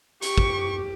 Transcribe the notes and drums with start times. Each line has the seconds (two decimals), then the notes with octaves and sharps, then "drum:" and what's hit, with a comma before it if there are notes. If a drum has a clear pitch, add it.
0.22 G4 C#6, drum: hi-hat
0.38 drum: kick